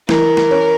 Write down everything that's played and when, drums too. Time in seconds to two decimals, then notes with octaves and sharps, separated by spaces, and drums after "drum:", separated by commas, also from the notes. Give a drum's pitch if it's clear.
0.09 E3 A#4, drum: snare
0.37 drum: snare
0.51 C#4